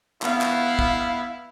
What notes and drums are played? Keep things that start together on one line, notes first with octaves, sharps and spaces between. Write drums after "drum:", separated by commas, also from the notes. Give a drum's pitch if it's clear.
B3 E4 F5, drum: clap
drum: clap
drum: kick